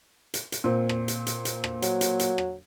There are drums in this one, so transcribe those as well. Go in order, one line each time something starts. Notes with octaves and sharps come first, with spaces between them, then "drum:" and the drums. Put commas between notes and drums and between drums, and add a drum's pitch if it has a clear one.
drum: hi-hat
drum: hi-hat
A#2 C4
drum: rim click
drum: hi-hat
drum: hi-hat
drum: hi-hat
drum: rim click
F#3, drum: hi-hat
drum: hi-hat
drum: hi-hat
drum: rim click